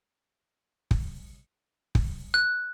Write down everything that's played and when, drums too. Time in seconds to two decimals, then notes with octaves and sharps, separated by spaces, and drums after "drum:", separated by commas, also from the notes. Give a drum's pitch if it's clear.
0.91 drum: kick
1.95 drum: kick
2.34 F#6